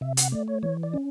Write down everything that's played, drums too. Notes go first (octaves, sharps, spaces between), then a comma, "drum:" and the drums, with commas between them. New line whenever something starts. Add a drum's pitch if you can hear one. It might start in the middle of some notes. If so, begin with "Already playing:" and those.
C3 E5
F#5, drum: hi-hat
A3 D5
C#5
E3 C#5
D5
C#4